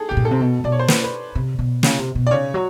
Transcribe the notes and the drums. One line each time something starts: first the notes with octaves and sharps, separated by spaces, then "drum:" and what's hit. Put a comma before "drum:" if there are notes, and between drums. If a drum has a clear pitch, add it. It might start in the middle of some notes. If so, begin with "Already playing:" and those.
Already playing: G#4 A4
B2 G4
A#2
A4
C3
B2
B2 D5
C#5
C5
B4, drum: snare
B4
C3
B2
C#3, drum: snare
C3
B2
D5
C#3 C#5
F#3